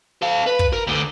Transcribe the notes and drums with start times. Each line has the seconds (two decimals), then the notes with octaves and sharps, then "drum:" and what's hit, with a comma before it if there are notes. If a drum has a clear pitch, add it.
0.22 A4 F5
0.46 B4
0.59 drum: kick
0.73 A#4
0.87 D2 D3